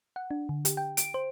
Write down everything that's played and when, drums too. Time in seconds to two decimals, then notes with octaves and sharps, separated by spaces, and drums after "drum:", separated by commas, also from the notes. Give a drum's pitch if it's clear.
0.16 F#5
0.31 D4
0.49 D3
0.65 G4, drum: hi-hat
0.77 G5
0.97 D7, drum: hi-hat
1.14 C5